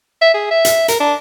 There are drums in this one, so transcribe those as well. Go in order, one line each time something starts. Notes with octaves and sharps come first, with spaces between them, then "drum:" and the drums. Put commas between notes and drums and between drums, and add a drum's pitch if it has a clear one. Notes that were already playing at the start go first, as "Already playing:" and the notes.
E5
G#4
E5
drum: hi-hat
A#4, drum: hi-hat
D4